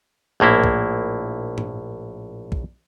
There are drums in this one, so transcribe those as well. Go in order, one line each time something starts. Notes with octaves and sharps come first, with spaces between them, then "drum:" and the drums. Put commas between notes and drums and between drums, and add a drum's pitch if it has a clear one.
A#1 A2 A#3 E4
drum: kick B1
drum: tom G#2
drum: kick B1